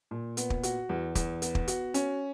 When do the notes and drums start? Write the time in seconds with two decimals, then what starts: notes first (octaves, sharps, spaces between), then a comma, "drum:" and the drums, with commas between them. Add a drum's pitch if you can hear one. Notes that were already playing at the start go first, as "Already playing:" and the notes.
0.11 A#2
0.37 B3, drum: hi-hat
0.50 drum: kick
0.63 F#4, drum: hi-hat
0.89 E2
1.15 E2, drum: kick, hi-hat
1.42 B3, drum: hi-hat
1.55 drum: kick
1.68 F#4, drum: hi-hat
1.94 C#4, drum: hi-hat